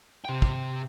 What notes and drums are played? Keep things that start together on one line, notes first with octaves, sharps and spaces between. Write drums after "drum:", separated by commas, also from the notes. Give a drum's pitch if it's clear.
C3 G5
drum: kick